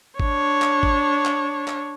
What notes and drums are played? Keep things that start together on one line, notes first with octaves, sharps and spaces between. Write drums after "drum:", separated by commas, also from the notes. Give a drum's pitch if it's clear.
D4 C#5, drum: kick G#1
drum: clap
drum: kick G#1
drum: clap
drum: clap